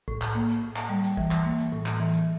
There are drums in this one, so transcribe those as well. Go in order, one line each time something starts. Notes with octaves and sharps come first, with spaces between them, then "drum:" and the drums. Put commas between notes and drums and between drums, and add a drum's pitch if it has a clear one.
A2, drum: kick
drum: clap
A#3
drum: hi-hat
A2
drum: clap
G3
drum: hi-hat
E3, drum: kick
drum: clap
A#3
drum: hi-hat
A2
drum: clap
E3
drum: hi-hat